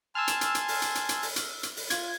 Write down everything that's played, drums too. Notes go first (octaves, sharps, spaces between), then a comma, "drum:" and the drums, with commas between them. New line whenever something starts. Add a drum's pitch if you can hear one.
G#5 A5 C6 E6 F6
drum: hi-hat
drum: hi-hat
drum: hi-hat
drum: open hi-hat
drum: hi-hat
drum: hi-hat
drum: hi-hat
drum: open hi-hat
drum: hi-hat
drum: hi-hat
drum: open hi-hat
F4 G#6, drum: hi-hat